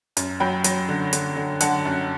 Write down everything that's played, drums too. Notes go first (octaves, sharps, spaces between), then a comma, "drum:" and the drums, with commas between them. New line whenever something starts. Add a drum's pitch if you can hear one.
F#2, drum: hi-hat
F#3 G5 B5
F#3, drum: hi-hat
D3
D3, drum: hi-hat
D3
D3 F#5 A5, drum: hi-hat
F#2